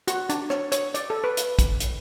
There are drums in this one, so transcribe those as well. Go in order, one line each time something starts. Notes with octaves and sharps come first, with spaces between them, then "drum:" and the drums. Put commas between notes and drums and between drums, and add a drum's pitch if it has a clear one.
F#4, drum: hi-hat
D4, drum: hi-hat
C#5, drum: rim click
C#5, drum: hi-hat
D5, drum: hi-hat
A4
B4
drum: hi-hat
drum: kick, hi-hat
drum: hi-hat